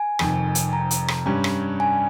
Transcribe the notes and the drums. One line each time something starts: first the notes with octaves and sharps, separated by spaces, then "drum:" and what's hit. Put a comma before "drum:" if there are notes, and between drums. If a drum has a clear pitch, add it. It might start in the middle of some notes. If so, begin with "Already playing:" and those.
Already playing: G#5
F1 F2 D#3, drum: rim click
drum: hi-hat
A#5
drum: hi-hat
drum: rim click
G2 G3 C#4
drum: rim click
G#5